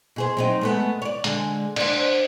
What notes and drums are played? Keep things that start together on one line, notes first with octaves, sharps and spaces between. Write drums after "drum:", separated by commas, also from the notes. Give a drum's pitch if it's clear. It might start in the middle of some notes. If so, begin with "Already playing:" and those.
B2 G#4 C5
F#3 C4 D#4
G#3 A3 B3
C#5 D5
D3 G#3, drum: hi-hat
D4 C5, drum: cymbal